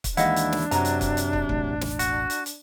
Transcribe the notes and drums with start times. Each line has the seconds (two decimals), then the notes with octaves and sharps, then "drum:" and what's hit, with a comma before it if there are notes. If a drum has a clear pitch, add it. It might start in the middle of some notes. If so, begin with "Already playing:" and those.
0.04 drum: kick, hi-hat
0.17 D#2 E3 G#3 D4 E4 D#5 F5 F#5, drum: hi-hat
0.36 drum: hi-hat
0.52 drum: snare
0.71 F#2 C3 F#3 A#5, drum: hi-hat
0.85 drum: hi-hat
1.01 drum: kick, hi-hat
1.17 drum: hi-hat
1.33 drum: kick
1.49 E1 A1 A3, drum: kick
1.81 drum: snare
1.99 F#4, drum: hi-hat
2.30 drum: hi-hat
2.46 drum: hi-hat